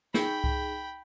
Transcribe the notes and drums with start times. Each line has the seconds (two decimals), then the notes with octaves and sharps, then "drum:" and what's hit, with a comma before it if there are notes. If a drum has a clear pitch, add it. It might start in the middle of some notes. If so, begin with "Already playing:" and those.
0.14 D#4 G#4 G5 B5 G6, drum: snare
0.44 drum: kick C2